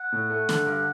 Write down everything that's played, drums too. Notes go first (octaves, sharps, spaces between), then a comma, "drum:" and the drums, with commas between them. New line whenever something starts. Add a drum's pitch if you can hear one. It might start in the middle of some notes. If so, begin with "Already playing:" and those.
Already playing: F#5
A2
A3
D3, drum: snare
G2